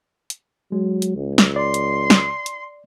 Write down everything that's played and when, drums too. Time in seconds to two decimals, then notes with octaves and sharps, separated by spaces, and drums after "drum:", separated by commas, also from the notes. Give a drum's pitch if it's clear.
0.30 drum: hi-hat
0.72 F#3 G#3
1.02 drum: hi-hat
1.16 C#2
1.38 drum: snare
1.56 D5 C6
1.74 drum: hi-hat
2.10 drum: snare
2.46 drum: hi-hat